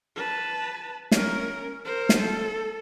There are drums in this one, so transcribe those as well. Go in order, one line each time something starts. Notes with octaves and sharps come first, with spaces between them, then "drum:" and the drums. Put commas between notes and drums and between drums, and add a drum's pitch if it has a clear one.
B4 A5
C#4 A#4, drum: snare
A#4 C5
drum: snare
A4